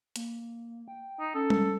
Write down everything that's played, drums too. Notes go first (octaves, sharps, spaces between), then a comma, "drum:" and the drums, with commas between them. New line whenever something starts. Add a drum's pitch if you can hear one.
A#3, drum: hi-hat
G5
D#4
C#4 A4
drum: tom G3